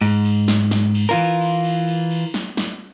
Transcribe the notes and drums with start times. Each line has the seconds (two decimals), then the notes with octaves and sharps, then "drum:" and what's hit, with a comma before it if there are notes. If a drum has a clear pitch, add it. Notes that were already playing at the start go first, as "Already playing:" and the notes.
0.01 G#2, drum: cymbal
0.25 drum: cymbal
0.48 drum: snare
0.71 drum: snare
0.95 drum: cymbal
1.09 E3 F4 A#4
1.41 drum: cymbal
1.64 drum: cymbal
1.88 drum: cymbal
2.11 drum: cymbal
2.34 drum: snare
2.57 drum: snare